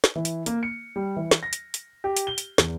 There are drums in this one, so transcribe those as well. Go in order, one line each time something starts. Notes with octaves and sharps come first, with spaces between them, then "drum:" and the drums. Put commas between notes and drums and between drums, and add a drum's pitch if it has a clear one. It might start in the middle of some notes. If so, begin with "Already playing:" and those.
drum: snare
E3
drum: hi-hat
A#3, drum: hi-hat
C#7
G3
E3
drum: snare
A#6
drum: hi-hat
drum: hi-hat
G4
drum: hi-hat
G7
drum: hi-hat
E2, drum: snare